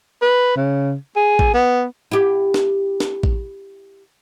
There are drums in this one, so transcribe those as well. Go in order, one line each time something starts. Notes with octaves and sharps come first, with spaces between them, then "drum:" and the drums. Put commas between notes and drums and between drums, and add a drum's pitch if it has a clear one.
B4
C#3
G#4
drum: kick A1
B3
E4 G4
drum: snare
drum: snare
drum: kick A1